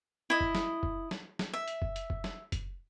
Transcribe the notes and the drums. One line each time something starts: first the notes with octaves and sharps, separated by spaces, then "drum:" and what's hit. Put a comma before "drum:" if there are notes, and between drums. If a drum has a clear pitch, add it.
E4 D#5
drum: kick
drum: snare
drum: kick
drum: snare
drum: snare
E5
drum: hi-hat
drum: kick
drum: hi-hat
drum: kick
drum: snare
drum: kick, hi-hat